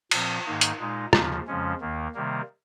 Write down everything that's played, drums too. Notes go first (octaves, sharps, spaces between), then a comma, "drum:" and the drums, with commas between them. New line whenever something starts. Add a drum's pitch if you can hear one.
A#2 F3 C4, drum: cymbal
G#2 D#3 A#3 D#4
drum: hi-hat
A#2 G#3 D#4
D#2 C#3 F3, drum: rim click
F2 C#3 F3 G#3 C#4
D#2 D#3 A#3
C3 D#3 G3 A#3